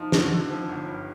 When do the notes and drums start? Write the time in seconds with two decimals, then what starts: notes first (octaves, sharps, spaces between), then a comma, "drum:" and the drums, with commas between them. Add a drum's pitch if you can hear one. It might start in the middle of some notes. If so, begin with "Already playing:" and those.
Already playing: F3 D#4 F4
0.12 D3, drum: snare
0.31 D3
0.50 F3
0.69 G1
0.87 G2